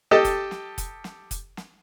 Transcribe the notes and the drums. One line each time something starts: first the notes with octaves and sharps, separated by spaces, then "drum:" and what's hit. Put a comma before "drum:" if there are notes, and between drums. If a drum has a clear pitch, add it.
G4 A4 D#5 A5
drum: kick F1, hi-hat
drum: snare
drum: kick F1, hi-hat
drum: snare
drum: kick F1, hi-hat
drum: snare